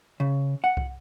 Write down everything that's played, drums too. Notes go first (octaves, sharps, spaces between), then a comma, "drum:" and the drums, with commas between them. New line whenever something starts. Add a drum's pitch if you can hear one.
C#3
F#5
drum: kick C2